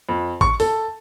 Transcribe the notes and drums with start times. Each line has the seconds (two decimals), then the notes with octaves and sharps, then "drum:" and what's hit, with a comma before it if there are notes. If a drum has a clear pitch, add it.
0.09 F2
0.41 C#6, drum: kick G#1
0.60 A4, drum: open hi-hat